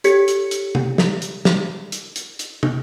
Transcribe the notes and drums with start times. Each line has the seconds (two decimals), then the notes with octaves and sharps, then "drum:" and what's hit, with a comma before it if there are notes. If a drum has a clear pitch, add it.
0.04 G4 A4 C#5 G#6 B6 C#7, drum: hi-hat
0.28 drum: hi-hat
0.51 drum: hi-hat
0.75 drum: tom
0.98 drum: snare
1.22 drum: hi-hat
1.45 drum: snare
1.92 drum: hi-hat
2.16 drum: hi-hat
2.39 drum: hi-hat
2.63 drum: tom